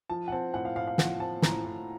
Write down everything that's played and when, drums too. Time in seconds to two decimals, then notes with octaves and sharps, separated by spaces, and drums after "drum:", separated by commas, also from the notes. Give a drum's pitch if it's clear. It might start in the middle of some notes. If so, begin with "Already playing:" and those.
0.10 F3 A5
0.28 F#5
0.32 C4 A5
0.54 A2 F#5
0.65 F5
0.76 A2 F5
0.87 F5
0.98 F3 F#5, drum: snare
1.20 C4 A5
1.42 A2 A#5, drum: snare
1.65 A2